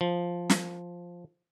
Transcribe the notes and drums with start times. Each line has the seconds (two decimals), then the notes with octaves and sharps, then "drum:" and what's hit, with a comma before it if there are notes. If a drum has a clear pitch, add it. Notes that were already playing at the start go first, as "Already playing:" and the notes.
0.01 F3
0.50 drum: snare